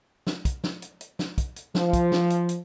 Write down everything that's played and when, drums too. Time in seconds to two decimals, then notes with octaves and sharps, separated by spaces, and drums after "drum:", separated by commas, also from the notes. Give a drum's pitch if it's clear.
0.27 drum: snare
0.45 drum: kick, hi-hat
0.64 drum: snare
0.82 drum: hi-hat
1.01 drum: hi-hat
1.19 drum: snare
1.38 drum: kick, hi-hat
1.56 drum: hi-hat
1.75 F3, drum: snare
1.93 drum: kick, hi-hat
2.12 drum: snare
2.30 drum: hi-hat
2.49 drum: hi-hat